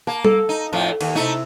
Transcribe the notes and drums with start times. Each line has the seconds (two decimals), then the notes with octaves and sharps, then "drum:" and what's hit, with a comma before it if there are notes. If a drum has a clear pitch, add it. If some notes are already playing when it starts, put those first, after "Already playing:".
0.07 A#3 A5
0.25 A4, drum: tom G3
0.49 D#4
0.73 F2 A2 F3
1.01 D#2, drum: cymbal
1.15 C3 A3 D#4 E4